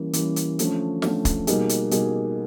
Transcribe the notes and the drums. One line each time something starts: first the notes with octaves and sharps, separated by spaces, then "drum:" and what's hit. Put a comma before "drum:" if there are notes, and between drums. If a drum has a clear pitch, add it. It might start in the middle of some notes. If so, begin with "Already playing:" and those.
Already playing: E3 G3 A#3 C#4
E3 G3 A#3 C#4, drum: hi-hat
drum: hi-hat
D3 F3 A3 C#4, drum: hi-hat
D3 F3 A3 C#4, drum: snare
drum: kick, hi-hat
B2 G3 A#3 D#4 G#4, drum: hi-hat
drum: hi-hat
B2 G3 A#3 D#4 G#4, drum: hi-hat